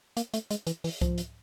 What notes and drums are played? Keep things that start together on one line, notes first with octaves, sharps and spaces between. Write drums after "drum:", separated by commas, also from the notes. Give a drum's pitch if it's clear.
A#3, drum: hi-hat
A3, drum: hi-hat
G#3, drum: hi-hat
E3, drum: hi-hat
E3, drum: open hi-hat
F3, drum: kick C2, hi-hat
drum: hi-hat